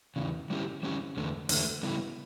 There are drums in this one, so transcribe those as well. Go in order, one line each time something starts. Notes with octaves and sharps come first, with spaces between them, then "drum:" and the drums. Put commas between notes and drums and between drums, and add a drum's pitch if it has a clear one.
E2 C#3 E3
D3 G3 C#4 E4 G4
D3 G3 C#4 E4 G4
E2 D3 A3
E2 D3 A3, drum: open hi-hat
C#3 G3 B3 E4